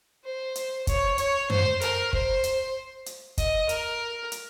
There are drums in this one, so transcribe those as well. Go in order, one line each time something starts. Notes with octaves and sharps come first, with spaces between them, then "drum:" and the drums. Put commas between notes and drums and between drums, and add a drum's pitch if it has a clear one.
C5
drum: hi-hat
C#5, drum: kick, hi-hat
C#5, drum: hi-hat
C5, drum: tom F#2
A#4, drum: hi-hat
C5, drum: kick
drum: hi-hat
drum: hi-hat
D#5, drum: kick, hi-hat
A#4, drum: hi-hat
drum: hi-hat